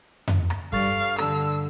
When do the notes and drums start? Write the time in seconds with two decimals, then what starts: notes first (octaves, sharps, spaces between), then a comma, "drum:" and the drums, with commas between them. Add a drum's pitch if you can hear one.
0.28 drum: tom F2
0.50 drum: rim click
0.73 G2 A4 F5 C#6 A6, drum: kick
1.18 D3 A4 A5 E6, drum: rim click